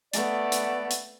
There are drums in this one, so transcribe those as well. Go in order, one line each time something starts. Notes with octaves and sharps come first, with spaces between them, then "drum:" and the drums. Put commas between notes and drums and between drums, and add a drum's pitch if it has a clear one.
A3 B3 D5, drum: hi-hat
drum: hi-hat
drum: hi-hat